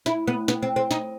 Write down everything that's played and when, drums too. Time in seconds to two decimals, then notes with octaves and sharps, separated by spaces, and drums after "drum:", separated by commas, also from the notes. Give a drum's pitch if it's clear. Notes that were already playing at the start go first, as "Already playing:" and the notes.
0.06 E4, drum: snare
0.28 B3
0.48 B3, drum: snare
0.62 C4
0.76 C4
0.91 D#4, drum: snare